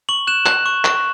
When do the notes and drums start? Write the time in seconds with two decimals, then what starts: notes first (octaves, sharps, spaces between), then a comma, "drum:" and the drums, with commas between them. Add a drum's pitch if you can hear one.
0.09 C#6 F#7
0.27 F#6 E7
0.46 F#6, drum: clap
0.66 C#6
0.85 C#6, drum: clap